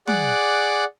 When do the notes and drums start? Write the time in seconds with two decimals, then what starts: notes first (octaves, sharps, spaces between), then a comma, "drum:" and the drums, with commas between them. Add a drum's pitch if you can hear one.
0.07 G#4 D5 F#5 D6 F#6, drum: tom